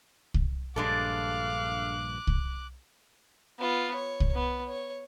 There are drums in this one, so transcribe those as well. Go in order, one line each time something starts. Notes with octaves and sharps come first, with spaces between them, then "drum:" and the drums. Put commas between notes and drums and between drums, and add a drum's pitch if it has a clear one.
drum: kick C2
A#1 G2 G#3 D4 A4 F5 D6 F#6
drum: kick C2
B3 F4
C#5
drum: kick C2
B3
C#5